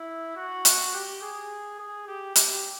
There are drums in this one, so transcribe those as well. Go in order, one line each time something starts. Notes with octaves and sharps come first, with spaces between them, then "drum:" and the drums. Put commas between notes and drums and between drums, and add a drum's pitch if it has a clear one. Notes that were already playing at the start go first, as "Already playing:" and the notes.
Already playing: E4
F#4
drum: hi-hat
G4
G#4
G#4
G4
G4, drum: hi-hat